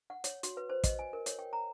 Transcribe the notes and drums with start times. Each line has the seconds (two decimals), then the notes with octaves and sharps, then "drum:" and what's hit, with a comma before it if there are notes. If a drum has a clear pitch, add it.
0.10 F#5
0.24 C#5, drum: hi-hat
0.43 F#4, drum: hi-hat
0.57 B4
0.69 C5
0.84 D#5, drum: kick, hi-hat
0.99 G#5
1.13 A#4
1.26 C#5, drum: hi-hat
1.39 G5
1.53 A#5